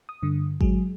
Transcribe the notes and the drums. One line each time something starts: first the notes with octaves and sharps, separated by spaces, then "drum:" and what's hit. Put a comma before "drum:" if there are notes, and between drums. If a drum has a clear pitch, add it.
D#6
G2 D3
F#3 G#3 G#4, drum: kick G#1